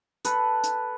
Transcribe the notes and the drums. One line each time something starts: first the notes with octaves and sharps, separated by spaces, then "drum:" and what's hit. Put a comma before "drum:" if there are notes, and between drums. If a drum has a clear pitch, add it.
A4 B4, drum: hi-hat
drum: hi-hat